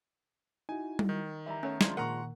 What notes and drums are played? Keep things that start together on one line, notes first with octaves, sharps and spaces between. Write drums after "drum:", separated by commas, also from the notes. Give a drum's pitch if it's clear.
D#4 E4 F#4 G#5
drum: tom G3
D#3
E3 G3 E5 A#5
A3 B3 C#4 C#5
F3 G#3 D4 G#6 C#7, drum: snare
A#2 D#3 A#3 A#4 F#5 A#5 C#6